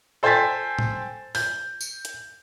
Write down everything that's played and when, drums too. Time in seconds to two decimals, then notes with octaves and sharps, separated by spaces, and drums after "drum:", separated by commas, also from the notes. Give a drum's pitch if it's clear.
0.23 A4 C5 G5 G#5 A6 B6
0.79 drum: tom A2
1.35 G6, drum: open hi-hat
1.81 drum: tambourine
2.05 drum: hi-hat